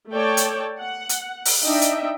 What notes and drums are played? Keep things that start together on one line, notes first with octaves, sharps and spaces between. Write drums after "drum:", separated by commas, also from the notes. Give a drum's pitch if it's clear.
A3 A4 C#5 D5 G5 A5
drum: hi-hat
F#5
drum: hi-hat
drum: open hi-hat
D4 D#4 D#5 E5 G5
drum: hi-hat